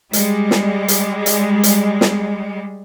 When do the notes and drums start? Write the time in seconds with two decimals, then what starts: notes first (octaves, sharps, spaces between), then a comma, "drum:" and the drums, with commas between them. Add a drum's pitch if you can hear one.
0.13 G3 G#3, drum: hi-hat
0.51 drum: snare
0.88 drum: hi-hat
1.26 drum: hi-hat
1.63 drum: hi-hat
2.01 drum: snare